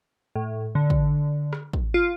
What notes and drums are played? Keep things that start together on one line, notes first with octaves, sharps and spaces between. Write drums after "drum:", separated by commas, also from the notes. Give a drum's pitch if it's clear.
A2
D3
drum: kick
drum: rim click
drum: kick
F4